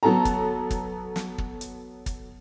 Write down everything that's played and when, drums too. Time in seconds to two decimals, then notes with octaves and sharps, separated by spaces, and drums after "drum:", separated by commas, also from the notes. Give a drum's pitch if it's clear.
0.03 F#3 B3 A4 A5 A#5
0.25 drum: kick, hi-hat
0.70 drum: kick, hi-hat
1.16 drum: snare
1.38 drum: kick
1.61 drum: hi-hat
2.06 drum: kick, hi-hat